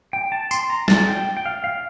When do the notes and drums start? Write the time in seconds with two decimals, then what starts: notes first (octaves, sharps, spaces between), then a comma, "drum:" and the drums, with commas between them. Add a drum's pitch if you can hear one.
0.13 G5
0.32 A5
0.51 C6, drum: tambourine
0.70 A#5
0.88 A5, drum: snare
1.08 G5
1.37 G5
1.46 F5
1.64 F5